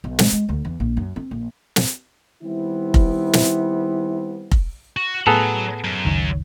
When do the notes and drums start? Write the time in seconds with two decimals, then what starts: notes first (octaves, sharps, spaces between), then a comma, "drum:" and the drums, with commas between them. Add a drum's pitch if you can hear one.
0.04 B1
0.19 G#3, drum: snare
0.32 G#3
0.49 D2
0.65 E2
0.80 A#1
0.97 F#2
1.16 C4
1.31 A#1
1.76 drum: snare
2.43 D#3 G3 B3 C4 E4
2.94 drum: kick F1
3.33 drum: snare
4.51 drum: kick F1
4.96 F#4
5.27 A2 F#3 B3 G#4 A4 A#5
5.84 F#2
6.05 F#1 C#2 D#3